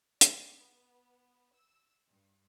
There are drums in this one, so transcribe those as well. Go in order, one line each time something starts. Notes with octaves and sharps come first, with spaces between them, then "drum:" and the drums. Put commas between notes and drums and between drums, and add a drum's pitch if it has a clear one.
D5, drum: hi-hat
B3
E6
G2